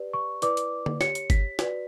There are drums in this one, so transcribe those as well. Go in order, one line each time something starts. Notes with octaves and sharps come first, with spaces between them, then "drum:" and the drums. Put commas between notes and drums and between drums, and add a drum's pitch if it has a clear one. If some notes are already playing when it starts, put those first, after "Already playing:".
Already playing: G4 B4 D5
C#6
E4 B4 D5 D6, drum: hi-hat
drum: hi-hat
drum: tom D3
G4 C#5 C#7, drum: snare
drum: hi-hat
B6, drum: kick G1, hi-hat
F#4 B4 D5, drum: snare